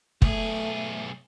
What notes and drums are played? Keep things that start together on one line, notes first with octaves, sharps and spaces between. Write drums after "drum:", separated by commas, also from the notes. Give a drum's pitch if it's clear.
B1 A3 G#4, drum: kick